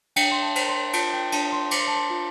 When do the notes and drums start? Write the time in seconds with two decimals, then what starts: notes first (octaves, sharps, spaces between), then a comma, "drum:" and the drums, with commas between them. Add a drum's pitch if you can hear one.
0.16 D4 G5, drum: cymbal
0.31 C6
0.42 A5
0.56 C5, drum: cymbal
0.69 C6
0.93 F4 A5, drum: cymbal
1.13 G5
1.32 D4 A5, drum: cymbal
1.52 C6
1.71 C5 D6, drum: cymbal
1.80 C6
1.88 A5
1.96 C6
2.10 F4